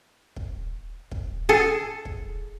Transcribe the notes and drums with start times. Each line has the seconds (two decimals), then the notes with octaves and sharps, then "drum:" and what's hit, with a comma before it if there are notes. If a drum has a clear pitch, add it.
0.36 drum: kick
1.11 drum: kick
1.49 G#4 A4
2.05 drum: kick